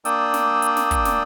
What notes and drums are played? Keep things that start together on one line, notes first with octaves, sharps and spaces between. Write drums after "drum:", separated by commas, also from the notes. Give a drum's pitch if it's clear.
A#3 D4 D5 G5 D#6 E6, drum: hi-hat
drum: snare
drum: hi-hat
drum: snare
drum: kick, hi-hat
drum: snare